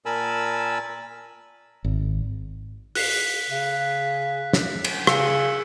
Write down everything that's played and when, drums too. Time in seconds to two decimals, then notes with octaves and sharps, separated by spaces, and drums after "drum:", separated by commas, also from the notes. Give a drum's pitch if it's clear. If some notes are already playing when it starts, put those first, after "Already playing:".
0.06 A#2 A#4 G#5 A5 B5 E6
1.84 G#1
2.95 F#6 B6 C7, drum: open hi-hat
3.50 C#3
4.53 drum: snare
4.84 drum: cymbal
5.07 C#3 E6 C#7, drum: rim click